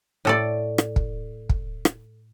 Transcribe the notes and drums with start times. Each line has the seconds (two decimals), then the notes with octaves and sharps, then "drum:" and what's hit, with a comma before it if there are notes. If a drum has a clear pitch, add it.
0.25 A2 A4 D5
0.78 drum: rim click
0.96 drum: kick
1.49 drum: kick
1.85 drum: rim click